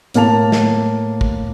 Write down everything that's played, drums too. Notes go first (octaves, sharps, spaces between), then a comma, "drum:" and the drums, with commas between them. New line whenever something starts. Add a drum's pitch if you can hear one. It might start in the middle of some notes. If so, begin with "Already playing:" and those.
A2 A#3 F5 A5 F7, drum: hi-hat
drum: snare
drum: kick